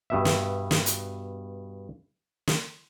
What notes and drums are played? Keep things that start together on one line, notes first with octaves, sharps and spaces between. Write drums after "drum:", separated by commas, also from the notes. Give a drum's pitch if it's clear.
G2 B2 E5
drum: snare
drum: snare
drum: hi-hat
drum: snare